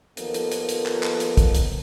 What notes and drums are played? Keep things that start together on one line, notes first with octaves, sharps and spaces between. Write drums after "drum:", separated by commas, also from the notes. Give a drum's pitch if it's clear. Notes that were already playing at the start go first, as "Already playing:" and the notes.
D#2 F3 A#3 B3 A4 A#4, drum: hi-hat
drum: hi-hat
drum: hi-hat
drum: hi-hat
drum: clap
drum: clap
drum: hi-hat
drum: kick, hi-hat
drum: hi-hat